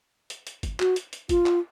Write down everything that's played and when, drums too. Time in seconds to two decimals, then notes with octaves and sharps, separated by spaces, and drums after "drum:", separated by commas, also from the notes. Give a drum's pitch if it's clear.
0.30 drum: hi-hat
0.47 drum: hi-hat
0.63 drum: kick, hi-hat
0.80 F#4, drum: clap
0.96 drum: hi-hat
1.13 drum: hi-hat
1.29 F4, drum: kick, hi-hat
1.46 drum: clap